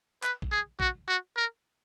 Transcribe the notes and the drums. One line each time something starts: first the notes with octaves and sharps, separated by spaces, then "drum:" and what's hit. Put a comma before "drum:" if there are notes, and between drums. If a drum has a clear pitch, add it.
B4, drum: clap
drum: kick
G#4
F#4, drum: kick
F#4
A#4